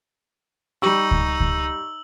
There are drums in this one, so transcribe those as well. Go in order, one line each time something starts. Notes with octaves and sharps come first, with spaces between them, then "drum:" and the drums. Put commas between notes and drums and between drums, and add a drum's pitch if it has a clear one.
G3 D#4 G4 C#6 E6 F#7
drum: kick C#2
drum: kick C#2